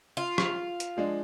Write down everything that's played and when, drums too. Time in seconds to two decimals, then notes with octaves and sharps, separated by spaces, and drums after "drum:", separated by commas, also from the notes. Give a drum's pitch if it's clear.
0.17 F4
0.38 drum: rim click
0.80 drum: hi-hat
0.97 F3 G#3 D4